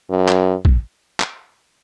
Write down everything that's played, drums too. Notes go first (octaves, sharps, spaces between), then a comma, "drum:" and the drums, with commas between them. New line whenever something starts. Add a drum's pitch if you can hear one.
F#2
drum: clap
drum: kick
drum: clap